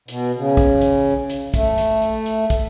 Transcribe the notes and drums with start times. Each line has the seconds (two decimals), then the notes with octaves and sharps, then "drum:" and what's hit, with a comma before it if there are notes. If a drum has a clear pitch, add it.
0.08 B2, drum: hi-hat
0.37 C#3
0.57 drum: kick, hi-hat
0.81 drum: hi-hat
1.30 drum: hi-hat
1.54 A3, drum: kick, hi-hat
1.78 drum: hi-hat
2.02 drum: hi-hat
2.26 drum: hi-hat
2.50 drum: kick, hi-hat